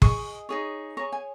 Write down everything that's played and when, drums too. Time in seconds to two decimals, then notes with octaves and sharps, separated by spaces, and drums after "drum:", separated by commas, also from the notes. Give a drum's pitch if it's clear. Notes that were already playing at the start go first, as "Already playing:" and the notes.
0.02 G#4 D#5 C#6, drum: kick
0.49 D#4 G#4 C#5
0.97 G#4 C#5 A#5
1.13 G#5